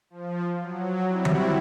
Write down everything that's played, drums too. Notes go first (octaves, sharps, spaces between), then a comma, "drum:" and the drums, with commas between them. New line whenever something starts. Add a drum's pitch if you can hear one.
F3
F#3
G3 C4 E4 F#4
drum: tom D#3